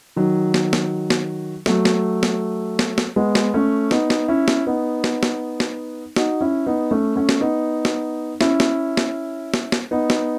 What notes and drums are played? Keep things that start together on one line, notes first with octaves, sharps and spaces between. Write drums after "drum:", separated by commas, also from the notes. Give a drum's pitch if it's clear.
D#3 F#3
drum: snare
drum: snare
drum: snare
F#3 A3, drum: snare
drum: snare
drum: snare
drum: snare
drum: snare
G#3 B3
drum: snare
A3 C#4
B3 D#4, drum: snare
drum: snare
C#4 E4
drum: snare
B3 D#4
drum: snare
drum: snare
drum: snare
D#4 F#4, drum: snare
C#4 E4
B3 D#4
A3 C#4
A3 C#4
drum: snare
B3 D#4
drum: snare
C#4 E4, drum: snare
drum: snare
drum: snare
drum: snare
drum: snare
B3 D#4
drum: snare